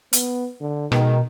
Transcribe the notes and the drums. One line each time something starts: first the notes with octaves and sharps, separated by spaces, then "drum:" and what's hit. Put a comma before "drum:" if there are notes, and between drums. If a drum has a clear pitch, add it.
B3, drum: hi-hat
D3
B2 D#3 G#3, drum: rim click